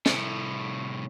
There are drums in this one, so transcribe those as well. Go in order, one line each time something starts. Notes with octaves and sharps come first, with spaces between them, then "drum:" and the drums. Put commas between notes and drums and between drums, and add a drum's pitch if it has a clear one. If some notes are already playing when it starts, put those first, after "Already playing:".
C2 A2, drum: snare